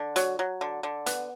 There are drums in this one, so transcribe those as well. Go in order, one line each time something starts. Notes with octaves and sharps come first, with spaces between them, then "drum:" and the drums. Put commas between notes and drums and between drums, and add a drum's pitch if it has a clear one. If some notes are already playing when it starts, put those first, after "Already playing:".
Already playing: D3
F#3, drum: hi-hat
F#3
D3
D3
B3, drum: hi-hat